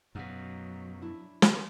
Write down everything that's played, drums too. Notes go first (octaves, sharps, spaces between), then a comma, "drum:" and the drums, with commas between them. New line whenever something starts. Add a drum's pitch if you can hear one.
F#2 B2 F#3 D#4 F5 F#5
D4 E4
drum: snare